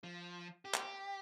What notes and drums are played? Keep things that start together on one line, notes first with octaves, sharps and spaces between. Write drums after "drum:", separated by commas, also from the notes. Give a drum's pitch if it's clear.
F3
G4
drum: clap